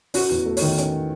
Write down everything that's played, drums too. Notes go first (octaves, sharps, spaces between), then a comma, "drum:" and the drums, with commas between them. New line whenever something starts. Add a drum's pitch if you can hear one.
C#4 F#4, drum: open hi-hat
E2
A3
D#3 C#5, drum: open hi-hat
C#4, drum: hi-hat